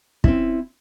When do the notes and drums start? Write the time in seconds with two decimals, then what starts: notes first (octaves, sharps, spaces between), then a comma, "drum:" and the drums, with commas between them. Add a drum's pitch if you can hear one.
0.24 C4 C#4 E4, drum: kick